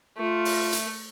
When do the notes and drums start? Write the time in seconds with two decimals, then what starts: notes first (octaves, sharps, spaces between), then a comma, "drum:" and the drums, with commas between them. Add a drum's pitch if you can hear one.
0.18 A3 F4
0.45 drum: open hi-hat
0.73 drum: hi-hat